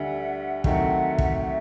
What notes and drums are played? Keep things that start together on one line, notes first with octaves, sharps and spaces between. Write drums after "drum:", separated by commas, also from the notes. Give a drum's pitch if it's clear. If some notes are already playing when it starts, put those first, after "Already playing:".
Already playing: D2 D3 G3 E5 F#5
D#2 D#3 F#3 A3 C4 E5 F#5, drum: kick
drum: kick
E5